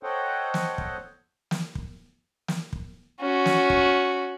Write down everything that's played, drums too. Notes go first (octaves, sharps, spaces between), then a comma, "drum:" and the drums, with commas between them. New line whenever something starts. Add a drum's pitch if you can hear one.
A4 C5 C#5 D#5 F#5 G5
drum: snare
drum: kick
drum: snare
drum: kick
drum: snare
drum: kick
C#4 F#4
drum: snare
drum: kick